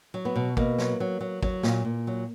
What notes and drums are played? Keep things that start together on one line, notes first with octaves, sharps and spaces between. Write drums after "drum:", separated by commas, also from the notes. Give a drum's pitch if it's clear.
F#3
B3
B2
B2 A#3, drum: kick
F#3, drum: snare
F#3
F#3
F#3, drum: kick
A#2, drum: snare
A#2
F#3